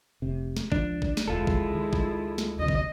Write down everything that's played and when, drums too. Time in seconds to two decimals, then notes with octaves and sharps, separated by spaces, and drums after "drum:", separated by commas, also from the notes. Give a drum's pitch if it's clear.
0.22 F1 C3
0.57 drum: snare
0.72 C#2 F3 D4, drum: kick
1.02 drum: kick
1.17 drum: snare
1.28 E1 C#2 G#3 E4 F4 A4
1.47 drum: kick
1.70 C#2 D#3
1.93 drum: kick
2.38 drum: snare
2.59 D2 C3 D#5
2.68 drum: kick